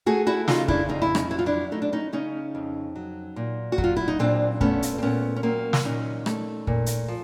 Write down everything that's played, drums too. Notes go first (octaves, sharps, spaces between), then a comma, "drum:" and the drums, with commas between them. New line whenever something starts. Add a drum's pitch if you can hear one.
A3 F#4 G#4
E4 F#4
C#3 D#4 F4, drum: snare
D4 E4, drum: kick
F2 D#4
E4
C#4 D#4, drum: rim click
F#3 E4
F4
D4 E4
A3 D#4
D4
C#4 D#4
C#3 C#4 D#4
F2
F#3
A#2
F#4
F#3, drum: kick
F4
E4
D#4
A#2 C4 D4
A3 B3 C#4, drum: kick
drum: hi-hat
C4
A#2 B3 C#4
C#4
F#3 A#3 C4
drum: snare
A#2 C#4 D#4
A3, drum: rim click
A#2, drum: kick
drum: hi-hat
F3